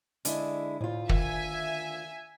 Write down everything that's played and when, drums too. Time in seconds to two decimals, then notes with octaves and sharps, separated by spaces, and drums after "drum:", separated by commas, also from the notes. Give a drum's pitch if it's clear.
0.25 D3 G#3 E4, drum: hi-hat
0.81 D2 A2 F4
1.09 D#3 E5 G#5, drum: kick